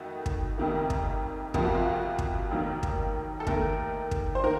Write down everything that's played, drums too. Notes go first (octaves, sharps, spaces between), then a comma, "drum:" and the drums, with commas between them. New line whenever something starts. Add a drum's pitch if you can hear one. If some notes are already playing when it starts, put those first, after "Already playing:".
Already playing: F2 D#3 A3 F#4
drum: kick
F1 F2 C3 D#3 A#3
drum: kick
F2 C3 F3 A#3 F4, drum: kick
F#4
F4
F#4
F4
drum: kick
F1 D#2 D#3 F#3 A#3
drum: kick
A4
D#2 D#3 A3 A#4, drum: kick
drum: kick
C5
D#3 A#3 A#4